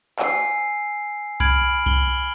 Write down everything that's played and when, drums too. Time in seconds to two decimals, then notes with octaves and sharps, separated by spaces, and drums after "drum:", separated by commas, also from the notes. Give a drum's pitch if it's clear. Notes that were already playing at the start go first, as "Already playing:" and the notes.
0.19 G#5 E6 C7, drum: clap
1.40 B5 F6 G#6 D7 F#7, drum: kick C2
1.86 F#7 G7, drum: kick C2